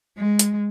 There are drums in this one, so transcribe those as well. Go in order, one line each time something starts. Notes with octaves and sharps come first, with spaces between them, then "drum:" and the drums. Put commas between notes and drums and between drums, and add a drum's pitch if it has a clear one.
G#3
drum: hi-hat